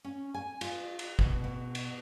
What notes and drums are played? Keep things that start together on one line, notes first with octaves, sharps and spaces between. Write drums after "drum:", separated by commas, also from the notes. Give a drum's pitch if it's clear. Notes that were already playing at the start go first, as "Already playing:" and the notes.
C#4
G#5
F4, drum: cymbal
drum: cymbal
B2, drum: kick G#1
B2
drum: cymbal